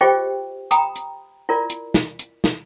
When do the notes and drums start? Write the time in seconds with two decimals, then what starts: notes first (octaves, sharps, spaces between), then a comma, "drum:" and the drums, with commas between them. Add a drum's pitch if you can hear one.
0.01 F4 G4 G#4 C5 D#5 G5
0.71 G5 A#5 B5 D#6, drum: hi-hat
0.95 drum: hi-hat
1.49 E4 F4 A#4 D5
1.70 drum: hi-hat
1.94 drum: snare
2.19 drum: hi-hat
2.44 drum: snare